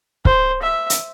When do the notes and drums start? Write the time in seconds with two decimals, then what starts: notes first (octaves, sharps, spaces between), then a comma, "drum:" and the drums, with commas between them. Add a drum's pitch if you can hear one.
0.25 C5, drum: kick
0.62 E5
0.90 drum: hi-hat